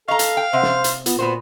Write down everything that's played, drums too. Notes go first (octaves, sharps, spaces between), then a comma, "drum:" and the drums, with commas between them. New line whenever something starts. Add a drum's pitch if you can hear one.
A4 D#5 F5 A#5 C#6
drum: hi-hat
G5
C3 C5 E5 F#5
drum: snare
drum: hi-hat
B3 F4, drum: hi-hat
A#2 B3 F#4 C5